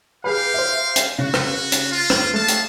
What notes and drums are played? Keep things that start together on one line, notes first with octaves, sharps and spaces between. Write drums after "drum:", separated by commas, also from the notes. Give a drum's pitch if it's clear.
G4 G#4 B4 F5
C5 E5
drum: hi-hat
C#3 F#4
drum: rim click
drum: hi-hat
F4
drum: rim click
A3 B3 F5 A5
drum: hi-hat